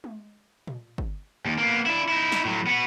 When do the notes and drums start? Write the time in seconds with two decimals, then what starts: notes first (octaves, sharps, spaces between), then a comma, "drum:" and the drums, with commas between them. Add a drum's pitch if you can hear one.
0.04 drum: tom G#3
0.67 drum: tom A#2
0.98 drum: kick
1.45 D#2
1.58 A#3 B3
1.86 D4 E4
2.08 D#4 E4
2.32 drum: snare
2.45 A2 F#3
2.67 B3 F#4